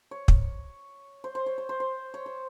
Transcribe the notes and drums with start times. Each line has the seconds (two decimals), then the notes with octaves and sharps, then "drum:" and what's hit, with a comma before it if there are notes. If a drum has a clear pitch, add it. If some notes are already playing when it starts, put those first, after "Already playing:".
0.11 C#5
0.28 drum: kick
1.24 C5
1.35 C5
1.46 C#5
1.58 C5
1.69 C5
1.80 C5
2.14 C#5
2.26 C5